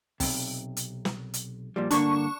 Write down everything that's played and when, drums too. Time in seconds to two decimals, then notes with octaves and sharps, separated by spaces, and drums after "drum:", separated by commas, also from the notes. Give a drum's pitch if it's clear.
0.20 B1 C3, drum: kick, open hi-hat
0.77 drum: hi-hat
1.05 drum: snare
1.34 drum: hi-hat
1.76 A#2 F3 G3
1.91 G2 D3 A#3 D4 C#6, drum: hi-hat